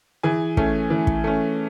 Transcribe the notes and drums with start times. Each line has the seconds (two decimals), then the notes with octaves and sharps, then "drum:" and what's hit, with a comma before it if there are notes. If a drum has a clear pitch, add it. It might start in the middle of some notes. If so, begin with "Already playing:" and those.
0.23 E3 G#4 G#5
0.57 A3 C#4, drum: kick
0.90 E3
1.07 drum: kick
1.24 A3 C#4